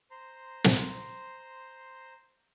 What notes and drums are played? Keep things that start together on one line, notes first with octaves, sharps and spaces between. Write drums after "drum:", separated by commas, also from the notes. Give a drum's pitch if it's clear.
C5 A#5 C6
drum: snare